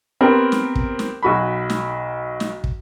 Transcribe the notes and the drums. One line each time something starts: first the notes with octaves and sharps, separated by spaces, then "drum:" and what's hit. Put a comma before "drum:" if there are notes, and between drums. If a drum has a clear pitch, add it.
B3 C4 G4 A#4
drum: snare
drum: kick
drum: snare
B1 F#4 B5
drum: snare
drum: snare
drum: kick